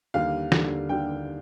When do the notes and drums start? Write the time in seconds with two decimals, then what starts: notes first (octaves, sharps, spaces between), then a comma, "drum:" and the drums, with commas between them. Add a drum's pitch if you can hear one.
0.14 D#2 D3 G3 F5
0.52 D#2 D3 G3, drum: snare
0.89 D#2 D3 G3 G5